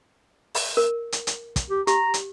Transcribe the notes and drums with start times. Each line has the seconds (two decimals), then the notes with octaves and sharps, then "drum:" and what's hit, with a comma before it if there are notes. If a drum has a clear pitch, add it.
0.55 drum: open hi-hat
0.77 A#4
1.12 drum: hi-hat
1.27 drum: hi-hat
1.56 drum: kick, hi-hat
1.70 G4
1.87 G4 A#5, drum: hi-hat
2.14 drum: hi-hat